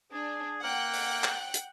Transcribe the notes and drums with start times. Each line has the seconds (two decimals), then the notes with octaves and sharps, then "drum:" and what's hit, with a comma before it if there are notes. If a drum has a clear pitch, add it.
0.12 D4 G#4
0.63 A#3 F#5 G5 F#6
0.93 drum: open hi-hat
1.24 drum: clap
1.54 drum: hi-hat